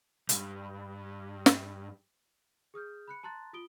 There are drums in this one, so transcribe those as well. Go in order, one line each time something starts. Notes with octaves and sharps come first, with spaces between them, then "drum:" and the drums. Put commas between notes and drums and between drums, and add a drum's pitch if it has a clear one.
B1 G2, drum: hi-hat
drum: snare
G#4 D#6 F6 G6
B5 F#6 C#7
A5 A#5 C6 F#6 A6
F4 D#6 D7 G7